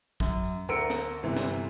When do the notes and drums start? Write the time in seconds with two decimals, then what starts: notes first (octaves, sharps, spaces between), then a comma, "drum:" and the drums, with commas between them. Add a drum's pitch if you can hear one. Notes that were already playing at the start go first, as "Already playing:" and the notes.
0.20 F#2, drum: kick, tambourine
0.43 drum: tambourine
0.69 D2 A#4 E6 C#7 D7, drum: tambourine
0.90 drum: snare
1.13 drum: tambourine
1.23 G1 C3 E3
1.37 drum: snare